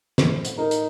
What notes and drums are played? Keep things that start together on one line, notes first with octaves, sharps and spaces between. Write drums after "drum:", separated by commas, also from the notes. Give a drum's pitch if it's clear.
A2 C5, drum: snare
drum: hi-hat
D#4 A#4
drum: hi-hat